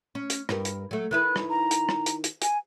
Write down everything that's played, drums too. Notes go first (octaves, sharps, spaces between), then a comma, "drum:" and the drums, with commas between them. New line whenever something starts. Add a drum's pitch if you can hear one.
C#4
drum: hi-hat
G2 G4 A#4, drum: rim click
drum: hi-hat
F#3 A3
D#3 E4 B4 F#6
drum: rim click
A#5
drum: hi-hat
drum: rim click
drum: hi-hat
drum: hi-hat
G#5, drum: hi-hat